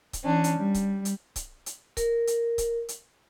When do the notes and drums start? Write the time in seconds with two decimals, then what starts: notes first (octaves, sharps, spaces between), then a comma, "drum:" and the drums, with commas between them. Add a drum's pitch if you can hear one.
0.13 drum: kick C#1, hi-hat
0.23 E3 C#4 D4
0.44 drum: hi-hat
0.56 G3
0.74 drum: kick C#1, hi-hat
1.05 drum: hi-hat
1.36 drum: kick C#1, hi-hat
1.66 drum: hi-hat
1.97 A#4, drum: kick C#1, hi-hat
2.27 drum: hi-hat
2.58 drum: kick C#1, hi-hat
2.89 drum: hi-hat